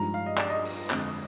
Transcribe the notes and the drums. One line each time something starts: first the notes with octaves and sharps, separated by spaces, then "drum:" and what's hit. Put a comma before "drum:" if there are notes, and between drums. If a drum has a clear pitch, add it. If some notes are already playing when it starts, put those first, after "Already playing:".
Already playing: G2 F3 G#3 D#4 A#5
F5
D#5
D5, drum: clap
D#5
drum: open hi-hat
F2 D3 G#3, drum: clap